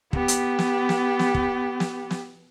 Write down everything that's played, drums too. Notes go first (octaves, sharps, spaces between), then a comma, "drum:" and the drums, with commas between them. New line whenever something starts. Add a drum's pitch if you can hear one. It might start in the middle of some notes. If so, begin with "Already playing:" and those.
B3 G4, drum: kick
drum: hi-hat
drum: snare
drum: snare
drum: snare
drum: kick
drum: snare
drum: snare